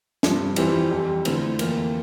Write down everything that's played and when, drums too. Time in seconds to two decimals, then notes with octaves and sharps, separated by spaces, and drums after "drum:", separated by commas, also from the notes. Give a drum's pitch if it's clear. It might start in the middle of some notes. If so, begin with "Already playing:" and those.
0.23 G2 F3 C4, drum: snare
0.56 F2 E3 G3 C4 E4, drum: cymbal
0.91 F2 E3 G3
1.25 D3 A3 C4 E4, drum: cymbal
1.59 F2 E3 A#3, drum: cymbal